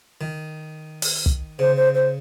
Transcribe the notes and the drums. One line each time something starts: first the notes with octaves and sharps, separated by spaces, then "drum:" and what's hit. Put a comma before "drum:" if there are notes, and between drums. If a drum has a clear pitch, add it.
D#3
drum: open hi-hat
drum: kick
C#3 C5
C5
C5